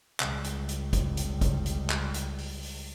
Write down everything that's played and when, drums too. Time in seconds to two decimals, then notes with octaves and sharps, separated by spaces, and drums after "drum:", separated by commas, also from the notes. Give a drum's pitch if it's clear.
0.20 C#2 G3, drum: clap
0.44 drum: hi-hat
0.69 drum: hi-hat
0.93 drum: kick, hi-hat
1.17 drum: hi-hat
1.41 drum: kick, hi-hat
1.66 drum: hi-hat
1.90 drum: clap
2.14 drum: hi-hat
2.38 drum: open hi-hat
2.63 drum: open hi-hat